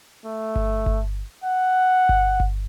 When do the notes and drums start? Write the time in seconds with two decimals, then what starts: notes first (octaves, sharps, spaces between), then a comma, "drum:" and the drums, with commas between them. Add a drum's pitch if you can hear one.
0.25 A3
0.56 drum: kick G1
0.86 drum: kick G1
1.44 F#5
2.09 drum: kick G1
2.40 drum: kick G1